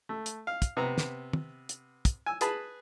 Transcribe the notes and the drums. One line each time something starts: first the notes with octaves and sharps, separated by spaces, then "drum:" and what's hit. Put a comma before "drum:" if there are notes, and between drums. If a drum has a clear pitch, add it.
A3
drum: hi-hat
F5
drum: kick, hi-hat
C3 B3 A#5
drum: snare
drum: tom
drum: hi-hat
drum: kick, hi-hat
G#5 E6
G#4 B4 A5 B5, drum: hi-hat